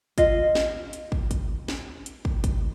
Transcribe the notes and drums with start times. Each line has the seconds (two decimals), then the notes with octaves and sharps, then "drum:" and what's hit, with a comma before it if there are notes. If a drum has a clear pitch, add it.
0.18 F4 D#5 F5, drum: kick, hi-hat
0.55 drum: snare
0.93 drum: hi-hat
1.12 drum: kick
1.31 drum: kick, hi-hat
1.68 drum: snare
2.06 drum: hi-hat
2.25 drum: kick
2.44 drum: kick, hi-hat